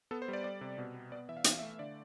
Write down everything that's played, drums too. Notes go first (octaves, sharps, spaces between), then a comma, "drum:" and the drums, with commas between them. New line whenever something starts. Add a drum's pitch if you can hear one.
B3 A4
C5
G3
D5
G3 D5
C3
B2
B3
B3 D5
E3 E5
F5
E3 E5, drum: hi-hat
F5
E5
A3
D3 D5